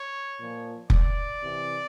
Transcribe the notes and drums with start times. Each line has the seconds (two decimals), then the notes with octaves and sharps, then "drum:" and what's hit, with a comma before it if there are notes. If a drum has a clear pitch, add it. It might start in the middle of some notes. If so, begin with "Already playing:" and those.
Already playing: C#5
0.38 A#2 F3
0.90 D5, drum: kick F1
1.41 C3 E3